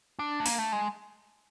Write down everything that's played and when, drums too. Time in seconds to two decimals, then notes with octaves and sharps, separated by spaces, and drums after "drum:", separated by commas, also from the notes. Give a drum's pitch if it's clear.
0.19 D4
0.40 A3
0.46 A#3, drum: open hi-hat
0.58 A3
0.72 G#3